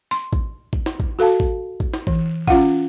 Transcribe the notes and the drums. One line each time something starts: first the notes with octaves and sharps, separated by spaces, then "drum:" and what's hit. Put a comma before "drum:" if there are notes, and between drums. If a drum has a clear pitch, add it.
C6
drum: kick
drum: kick
drum: snare
drum: kick
F#4 A4 F5 A5
drum: kick
drum: kick
drum: snare
E3, drum: kick
C#4 F4 F5 F#5, drum: kick